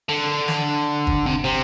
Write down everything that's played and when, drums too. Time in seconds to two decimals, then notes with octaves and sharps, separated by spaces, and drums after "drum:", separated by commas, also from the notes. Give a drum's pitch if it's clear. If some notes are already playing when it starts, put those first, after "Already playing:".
0.09 D3
0.48 drum: snare
1.07 drum: kick
1.26 C3
1.44 C3